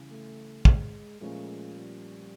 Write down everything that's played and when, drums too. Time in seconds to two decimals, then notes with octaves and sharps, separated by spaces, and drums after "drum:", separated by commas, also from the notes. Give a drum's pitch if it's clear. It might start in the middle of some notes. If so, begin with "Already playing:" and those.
Already playing: C#3 E3 G3
0.10 A3
0.65 G#3, drum: kick
1.20 A#2 F3 G#3 A3 C#4
1.76 G3